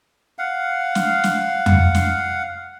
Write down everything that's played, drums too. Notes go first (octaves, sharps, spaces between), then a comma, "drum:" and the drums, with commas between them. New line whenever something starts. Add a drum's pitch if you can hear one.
F5 F#5
drum: snare
drum: snare
drum: tom F2
drum: snare